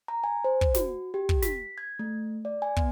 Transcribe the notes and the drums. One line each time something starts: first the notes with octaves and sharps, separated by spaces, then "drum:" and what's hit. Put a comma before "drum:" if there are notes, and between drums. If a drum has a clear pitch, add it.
A#5
G#5
C5
drum: kick
F#4, drum: snare
G4
drum: kick
B6, drum: snare
G#6
A3
D5
G#5
B3, drum: kick